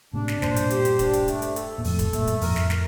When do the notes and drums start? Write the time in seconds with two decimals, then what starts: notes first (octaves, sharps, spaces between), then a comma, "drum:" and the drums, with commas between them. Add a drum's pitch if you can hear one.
0.13 A2 C3 D4
0.28 drum: snare
0.42 G2 A#2 C5, drum: snare
0.56 drum: hi-hat
0.70 G4, drum: hi-hat
0.85 drum: hi-hat
0.99 D4, drum: kick D1, hi-hat
1.13 drum: hi-hat
1.28 A3, drum: hi-hat
1.42 drum: hi-hat
1.56 A4, drum: hi-hat
1.78 A#2
1.84 F2 A2 A4, drum: open hi-hat
1.99 drum: kick D1, hi-hat
2.13 G2 A#2 A3, drum: hi-hat
2.27 drum: hi-hat
2.41 F2 A2 A#4, drum: open hi-hat
2.56 drum: snare
2.70 A#4, drum: snare